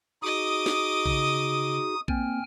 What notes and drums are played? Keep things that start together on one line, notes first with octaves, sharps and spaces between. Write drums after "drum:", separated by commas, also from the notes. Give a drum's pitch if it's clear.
D#4 F#4 G#4 D#5 D6 D#6
drum: snare
C#3, drum: kick A#1
A#3 C4 G5 G#5 F6, drum: kick A#1